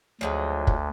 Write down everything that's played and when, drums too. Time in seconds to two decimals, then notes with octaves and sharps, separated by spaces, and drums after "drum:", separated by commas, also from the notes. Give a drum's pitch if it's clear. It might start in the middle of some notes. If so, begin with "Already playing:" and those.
0.21 D2 F3 F#3 G#3
0.67 drum: kick